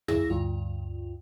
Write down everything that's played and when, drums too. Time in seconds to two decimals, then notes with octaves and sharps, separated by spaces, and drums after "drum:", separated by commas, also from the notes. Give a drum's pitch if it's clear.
0.08 F2 E4 G#4 E6 A#6, drum: tom
0.30 D2 G2 F4